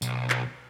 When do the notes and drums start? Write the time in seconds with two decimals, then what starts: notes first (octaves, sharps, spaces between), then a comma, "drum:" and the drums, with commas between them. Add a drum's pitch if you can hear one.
0.02 B1, drum: tambourine
0.30 drum: clap